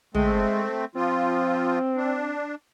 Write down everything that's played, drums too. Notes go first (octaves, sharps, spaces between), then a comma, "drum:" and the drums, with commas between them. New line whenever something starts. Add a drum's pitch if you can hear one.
G#3 A3 C4, drum: tom
F3 C4 F4
D4